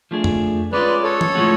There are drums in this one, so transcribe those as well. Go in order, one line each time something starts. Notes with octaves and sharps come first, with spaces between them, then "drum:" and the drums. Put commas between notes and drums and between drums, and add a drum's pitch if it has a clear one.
F3 A3 D4 G#4
drum: tom F2
G#3 C#4 F4 B4 D5
A4 C#5
drum: tom
A2 F3 G#3 C#4 F#4